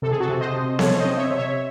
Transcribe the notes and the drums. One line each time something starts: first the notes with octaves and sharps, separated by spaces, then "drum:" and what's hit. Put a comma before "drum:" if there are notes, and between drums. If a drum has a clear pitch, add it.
C3 A4
G#4
F#4 A4
C3
C5 D#5
C3
C3 A4 C#5, drum: snare B3
C5 D#5
C4
C#5 E5
C3
C#5 E5